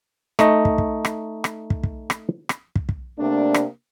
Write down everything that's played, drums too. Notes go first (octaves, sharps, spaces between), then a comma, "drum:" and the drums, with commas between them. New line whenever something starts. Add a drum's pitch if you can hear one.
A3 D#4 D#5, drum: rim click
drum: kick
drum: kick
drum: rim click
drum: rim click
drum: kick
drum: kick
drum: rim click
drum: rim click
drum: kick
drum: kick
C3 A3 A#3 D4
drum: rim click